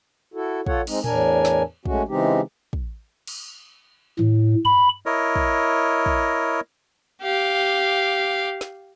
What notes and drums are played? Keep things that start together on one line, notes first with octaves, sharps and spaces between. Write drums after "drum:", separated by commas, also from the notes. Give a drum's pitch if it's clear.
E4 F#4 A4
F4 A4 C#5 F#5, drum: kick
G#3 C4 D#4, drum: cymbal
E2 A2 D4 A#4 G#5, drum: tom A2
drum: snare
G#3 A3 C#4 F#4, drum: kick
C#3 E3 G#3 C4 D#4 G4
drum: kick
drum: cymbal
A2, drum: tom D#3
B5, drum: tom G2
E4 A#4 C#5 D#5
drum: kick
drum: kick
G4 F5
drum: snare